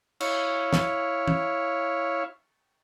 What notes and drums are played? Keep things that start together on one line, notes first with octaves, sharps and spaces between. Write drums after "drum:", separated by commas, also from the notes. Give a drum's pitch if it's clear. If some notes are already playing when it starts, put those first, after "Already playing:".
E4 C#5 F5, drum: cymbal
drum: snare
drum: tom